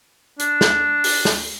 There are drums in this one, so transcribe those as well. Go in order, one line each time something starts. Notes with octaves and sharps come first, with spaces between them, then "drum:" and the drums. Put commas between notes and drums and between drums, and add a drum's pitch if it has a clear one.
D4, drum: hi-hat
drum: snare
drum: open hi-hat
drum: snare